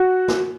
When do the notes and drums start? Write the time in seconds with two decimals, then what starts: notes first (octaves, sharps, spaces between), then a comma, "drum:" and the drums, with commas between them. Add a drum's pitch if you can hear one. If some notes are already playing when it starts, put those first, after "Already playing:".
Already playing: F#4
0.28 drum: snare